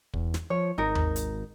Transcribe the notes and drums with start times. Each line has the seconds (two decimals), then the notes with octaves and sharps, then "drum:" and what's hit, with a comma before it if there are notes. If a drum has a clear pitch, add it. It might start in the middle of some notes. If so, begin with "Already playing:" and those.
0.14 E2, drum: kick
0.34 drum: snare
0.50 F3 C#5
0.78 G#1 D#4 A#4
0.95 drum: tom D#2
1.16 drum: hi-hat